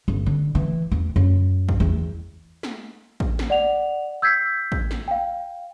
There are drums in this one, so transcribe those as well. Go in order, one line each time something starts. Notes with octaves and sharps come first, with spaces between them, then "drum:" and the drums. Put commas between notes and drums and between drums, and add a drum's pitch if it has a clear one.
G1
D3
E3
E2
F#2
drum: kick
E2
drum: snare
drum: kick
drum: snare
D5 F#5 F7
E6 G6 G#6 B6 C7
drum: kick
drum: snare
F5 G5